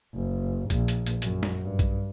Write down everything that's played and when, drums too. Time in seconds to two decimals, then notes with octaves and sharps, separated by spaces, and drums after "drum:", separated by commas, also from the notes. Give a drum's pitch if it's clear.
0.14 F#1
0.70 A#1, drum: kick A#1, hi-hat
0.88 drum: hi-hat
1.06 drum: hi-hat
1.22 F#2, drum: hi-hat
1.43 drum: snare
1.64 G2
1.79 drum: kick A#1, hi-hat